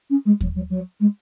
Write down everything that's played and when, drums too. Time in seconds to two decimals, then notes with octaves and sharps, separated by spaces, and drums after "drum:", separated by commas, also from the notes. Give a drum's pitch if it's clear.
0.10 C#4
0.25 G#3
0.41 F#3, drum: kick D#2
0.55 F#3
0.70 F#3
1.00 G#3